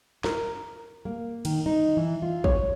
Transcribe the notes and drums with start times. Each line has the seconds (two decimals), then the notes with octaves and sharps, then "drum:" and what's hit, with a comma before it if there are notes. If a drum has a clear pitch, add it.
0.24 A#4, drum: snare
1.05 A#3
1.45 D#3, drum: cymbal
1.66 D#4
1.97 E3
2.22 F4
2.44 C#5, drum: kick A1